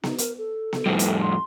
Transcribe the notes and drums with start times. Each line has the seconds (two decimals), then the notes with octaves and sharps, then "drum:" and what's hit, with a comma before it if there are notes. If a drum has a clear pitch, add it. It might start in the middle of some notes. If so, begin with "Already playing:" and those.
0.03 D#4, drum: snare B3
0.18 A#4, drum: hi-hat
0.38 A4
0.73 drum: snare B3
0.86 F2 A2 G3
0.99 drum: hi-hat
1.21 C6